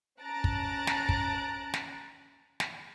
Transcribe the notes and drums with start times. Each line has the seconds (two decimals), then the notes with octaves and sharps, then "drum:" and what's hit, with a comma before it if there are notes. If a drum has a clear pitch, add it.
0.22 C#4 A5 A#5 F#6 A6 D7
0.44 drum: kick
0.87 drum: snare
1.09 drum: kick
1.74 drum: snare
2.60 drum: snare